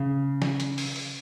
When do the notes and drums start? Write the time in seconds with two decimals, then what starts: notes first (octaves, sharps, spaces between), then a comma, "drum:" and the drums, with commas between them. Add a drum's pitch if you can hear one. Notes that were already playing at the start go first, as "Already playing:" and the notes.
Already playing: C#3
0.42 drum: snare
0.60 drum: hi-hat
0.78 drum: open hi-hat
0.96 drum: open hi-hat